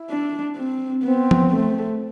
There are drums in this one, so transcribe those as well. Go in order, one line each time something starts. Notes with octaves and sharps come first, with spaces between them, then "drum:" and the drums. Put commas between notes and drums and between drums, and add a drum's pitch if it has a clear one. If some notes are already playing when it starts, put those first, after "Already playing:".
Already playing: E4
D4
C4
B3 C4
drum: tom F3
A3